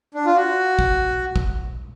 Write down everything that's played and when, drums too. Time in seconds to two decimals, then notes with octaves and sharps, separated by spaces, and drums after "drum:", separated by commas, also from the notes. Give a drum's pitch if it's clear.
0.14 D4
0.26 F4
0.35 F#4
0.79 drum: kick
1.36 drum: kick